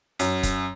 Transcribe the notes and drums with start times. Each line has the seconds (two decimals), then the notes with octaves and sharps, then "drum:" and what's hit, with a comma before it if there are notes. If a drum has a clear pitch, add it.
0.19 F#2, drum: hi-hat
0.43 drum: kick E1, hi-hat